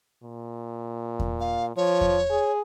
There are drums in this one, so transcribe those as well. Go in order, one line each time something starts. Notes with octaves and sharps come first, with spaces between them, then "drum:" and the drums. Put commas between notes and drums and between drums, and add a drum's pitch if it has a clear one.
A#2
drum: kick E2
F5
F3 C#5
drum: kick E2
G#4